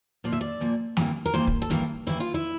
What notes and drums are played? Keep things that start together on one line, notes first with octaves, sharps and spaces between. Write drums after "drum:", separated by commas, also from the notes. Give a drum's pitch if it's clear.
A#2 F3 A#3 D5
E5
D5
A#2 F3 A#3
G2 E3 A#3, drum: snare
A#4
G2 E3 A#3 C5
drum: kick
A4
G2 E3 A#3 A#4, drum: hi-hat
G2 E3 A#3 E4
F4
E4